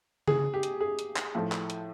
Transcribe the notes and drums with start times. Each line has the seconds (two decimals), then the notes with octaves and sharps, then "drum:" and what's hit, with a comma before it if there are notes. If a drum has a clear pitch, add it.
0.28 G#4, drum: tom C#3
0.54 G4
0.63 drum: hi-hat
0.81 G#4
0.99 drum: hi-hat
1.16 drum: clap
1.35 A2 F3 A3
1.52 drum: clap
1.70 drum: hi-hat